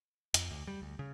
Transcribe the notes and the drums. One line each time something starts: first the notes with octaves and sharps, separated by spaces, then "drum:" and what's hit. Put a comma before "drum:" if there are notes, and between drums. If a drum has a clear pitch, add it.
F2, drum: hi-hat
D2
G3
D2
C#3